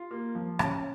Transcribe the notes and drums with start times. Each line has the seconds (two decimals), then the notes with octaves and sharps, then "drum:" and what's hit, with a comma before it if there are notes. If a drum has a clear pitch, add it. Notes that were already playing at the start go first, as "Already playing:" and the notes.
Already playing: F4
0.11 A#3
0.35 F3
0.59 C#4, drum: rim click